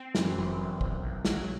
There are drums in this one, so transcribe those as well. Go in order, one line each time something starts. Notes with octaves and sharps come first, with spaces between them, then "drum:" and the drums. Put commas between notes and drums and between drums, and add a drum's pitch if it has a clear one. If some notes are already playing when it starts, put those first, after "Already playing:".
Already playing: C4
F#2 E3, drum: snare
G1
G1
B1, drum: kick
B1
F#3, drum: snare